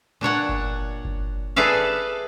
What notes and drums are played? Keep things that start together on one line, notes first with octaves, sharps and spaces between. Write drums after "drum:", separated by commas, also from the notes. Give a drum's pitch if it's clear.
A#2 D4 C#5 F#5
drum: kick G1
drum: kick G1
G#4 A4 B4 D5 E5 F5